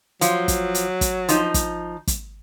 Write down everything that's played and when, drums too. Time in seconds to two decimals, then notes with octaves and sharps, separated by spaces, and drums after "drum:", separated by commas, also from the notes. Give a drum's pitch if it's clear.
0.21 F3 F#3, drum: hi-hat
0.48 drum: kick, hi-hat
0.75 drum: hi-hat
1.01 drum: kick, hi-hat
1.29 F3 D#4, drum: hi-hat
1.54 drum: kick, hi-hat
2.07 drum: kick, hi-hat